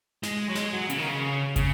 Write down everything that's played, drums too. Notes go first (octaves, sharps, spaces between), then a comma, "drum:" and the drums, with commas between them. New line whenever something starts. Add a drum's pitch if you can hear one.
G#3, drum: snare
F#3
G#3, drum: snare
F#3
C#3, drum: hi-hat
D#3
C#3
C#3, drum: kick, hi-hat